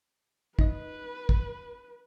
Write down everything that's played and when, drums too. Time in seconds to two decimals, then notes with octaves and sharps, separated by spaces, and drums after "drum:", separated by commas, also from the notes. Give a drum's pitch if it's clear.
0.59 D#4 B4 D#5, drum: kick
1.29 drum: kick